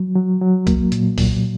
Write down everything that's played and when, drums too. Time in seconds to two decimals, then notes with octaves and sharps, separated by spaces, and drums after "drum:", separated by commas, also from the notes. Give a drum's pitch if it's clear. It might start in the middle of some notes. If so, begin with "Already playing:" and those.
Already playing: F#3
0.15 F#3
0.41 F#3
0.67 A#3, drum: kick B1, hi-hat
0.92 A#2, drum: hi-hat
1.18 A#2, drum: kick B1, open hi-hat